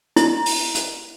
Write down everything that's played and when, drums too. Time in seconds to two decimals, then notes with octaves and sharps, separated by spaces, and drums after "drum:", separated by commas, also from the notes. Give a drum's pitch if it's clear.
0.16 E4, drum: hi-hat
0.46 drum: open hi-hat
0.75 drum: hi-hat